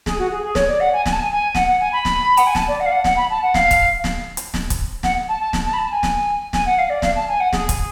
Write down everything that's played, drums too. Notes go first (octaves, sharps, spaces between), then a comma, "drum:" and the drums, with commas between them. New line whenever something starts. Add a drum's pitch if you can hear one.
G#4, drum: snare
F#4
G#4
G#4
C#5, drum: snare
D5
F#5
G#5
G#5, drum: snare
A5
G#5
G#5
F#5, drum: snare
F#5
G#5
B5
drum: snare
F#5, drum: hi-hat
G#5
A5, drum: snare
D5
F#5
F5
F#5
F#5, drum: snare
B5
A5
F#5
F5, drum: snare
drum: kick, hi-hat
drum: snare
drum: hi-hat
drum: snare
drum: kick, hi-hat
F#5, drum: snare
A5
A5
drum: snare
A5
B5
A5
G#5
drum: snare
G#5, drum: snare
F#5
F5
D5
F5, drum: snare
A5
G#5
F#5
G#4, drum: snare
drum: kick, hi-hat